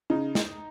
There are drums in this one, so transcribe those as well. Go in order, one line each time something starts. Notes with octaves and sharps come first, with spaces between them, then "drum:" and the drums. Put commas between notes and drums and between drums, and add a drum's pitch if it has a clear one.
C#3 D#4
drum: snare